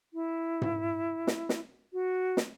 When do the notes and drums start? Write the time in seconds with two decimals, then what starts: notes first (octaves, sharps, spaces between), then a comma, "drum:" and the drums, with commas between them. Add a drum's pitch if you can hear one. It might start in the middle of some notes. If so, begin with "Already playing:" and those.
0.14 E4
0.62 drum: tom G#2
1.27 drum: snare
1.49 drum: snare
1.93 F#4
2.37 drum: snare